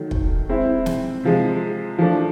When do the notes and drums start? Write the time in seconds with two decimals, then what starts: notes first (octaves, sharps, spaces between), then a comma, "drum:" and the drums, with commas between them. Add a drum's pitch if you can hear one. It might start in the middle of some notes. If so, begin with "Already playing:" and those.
Already playing: D#3 F#3 A3
0.11 drum: kick
0.49 G#3 C4 E4
0.86 drum: snare
1.24 C3 F3 G#3
1.99 F3 A3 D4